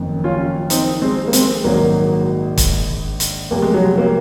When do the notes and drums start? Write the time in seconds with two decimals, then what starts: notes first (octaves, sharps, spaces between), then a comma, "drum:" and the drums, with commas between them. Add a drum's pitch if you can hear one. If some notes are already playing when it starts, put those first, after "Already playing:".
Already playing: F#1 F2 D#3
0.24 C#4 F4
0.70 C4 D#4, drum: hi-hat
1.01 G#3 C4
1.28 A#3
1.33 G#3 C4, drum: hi-hat
1.64 A#1 G#2 D#3 F#3 A#3
2.58 drum: kick, hi-hat
3.20 drum: hi-hat
3.51 F1 F2 C3 A#3
3.62 G#3
3.74 F#3
3.85 G#3
3.98 F#3 A#3